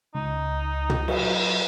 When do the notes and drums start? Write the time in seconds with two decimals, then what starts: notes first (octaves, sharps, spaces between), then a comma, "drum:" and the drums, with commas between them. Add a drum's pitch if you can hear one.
0.15 C#2 D#4
0.90 drum: tom
1.08 F#3, drum: cymbal